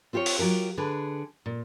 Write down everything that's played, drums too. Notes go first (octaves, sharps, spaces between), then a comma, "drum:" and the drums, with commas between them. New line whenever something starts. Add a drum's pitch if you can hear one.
C4 F4 G4 A#4 C#5
drum: open hi-hat
F#3 F4 G4 A#4
D3 G#4 B4
A#2